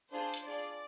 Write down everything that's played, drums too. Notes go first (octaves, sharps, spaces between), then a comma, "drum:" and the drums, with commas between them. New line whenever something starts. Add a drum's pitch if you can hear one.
D4 F4 G#4 C5
drum: hi-hat
D4 F4 G#4 D5